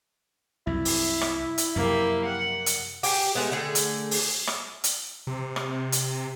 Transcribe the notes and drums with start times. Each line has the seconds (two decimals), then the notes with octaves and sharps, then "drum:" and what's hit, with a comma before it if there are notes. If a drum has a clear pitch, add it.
0.67 C2 F#2 E4
0.85 drum: open hi-hat
1.21 drum: rim click
1.58 drum: hi-hat
1.76 F#2 C3 F3 A#3 G4
2.25 F#5
2.66 drum: hi-hat
3.03 G4 G5 G#5, drum: open hi-hat
3.35 G#3 A3 B3
3.52 D3 A3 G#4
3.75 drum: hi-hat
4.11 drum: open hi-hat
4.47 drum: rim click
4.84 drum: hi-hat
5.27 C3
5.56 drum: rim click
5.92 drum: hi-hat